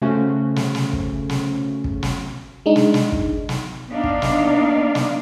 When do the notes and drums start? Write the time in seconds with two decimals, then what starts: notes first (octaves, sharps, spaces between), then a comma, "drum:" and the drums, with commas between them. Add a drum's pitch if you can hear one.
0.02 C#3 A3 C#4 F#4 C5
0.56 drum: snare
0.75 drum: snare
0.93 drum: kick
1.29 drum: snare
1.84 drum: kick
2.03 drum: snare
2.66 G#3 D4 D#4
2.76 drum: snare
2.94 drum: snare
3.12 drum: kick
3.49 drum: snare
3.92 B3 D4 D#4 D5 F5
4.04 drum: kick
4.22 drum: snare
4.95 drum: snare